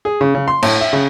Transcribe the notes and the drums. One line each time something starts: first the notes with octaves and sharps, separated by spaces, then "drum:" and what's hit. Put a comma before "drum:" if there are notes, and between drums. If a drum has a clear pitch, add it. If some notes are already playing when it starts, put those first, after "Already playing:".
G#4
C#3
C#3
C6
A2, drum: cymbal
E5
C#3